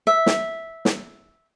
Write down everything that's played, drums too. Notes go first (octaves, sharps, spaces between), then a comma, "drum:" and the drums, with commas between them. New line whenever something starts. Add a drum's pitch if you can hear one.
E5
drum: snare
drum: snare